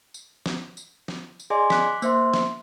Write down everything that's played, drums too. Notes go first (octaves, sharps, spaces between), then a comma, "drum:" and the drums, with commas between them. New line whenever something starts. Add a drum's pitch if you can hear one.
drum: tambourine
drum: snare
drum: tambourine
drum: snare
drum: tambourine
G#4 D5 D#5 G#5 C6 D6
D6 F#6 B6, drum: snare
A#3 C5 E5 C6, drum: tambourine
drum: snare